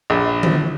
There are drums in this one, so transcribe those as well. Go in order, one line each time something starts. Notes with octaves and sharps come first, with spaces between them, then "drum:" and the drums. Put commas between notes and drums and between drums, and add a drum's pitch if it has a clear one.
A#1
drum: tom D3